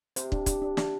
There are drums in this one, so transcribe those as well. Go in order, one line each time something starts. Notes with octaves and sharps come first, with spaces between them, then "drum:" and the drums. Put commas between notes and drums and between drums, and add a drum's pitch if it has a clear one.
C3 C5, drum: hi-hat
D4, drum: kick
D4, drum: kick, hi-hat
D4
D4, drum: snare